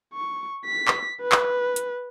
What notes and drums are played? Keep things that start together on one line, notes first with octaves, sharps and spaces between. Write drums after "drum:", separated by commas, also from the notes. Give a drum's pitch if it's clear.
C#6
B6
drum: clap
B4
drum: clap
drum: hi-hat